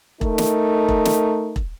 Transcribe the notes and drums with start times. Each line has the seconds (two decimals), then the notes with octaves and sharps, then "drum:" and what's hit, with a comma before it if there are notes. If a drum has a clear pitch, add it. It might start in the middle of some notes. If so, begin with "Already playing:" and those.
0.21 A3 D#4 A4 A#4, drum: kick E1
0.38 drum: snare
0.89 drum: kick E1
1.05 drum: snare
1.56 drum: kick E1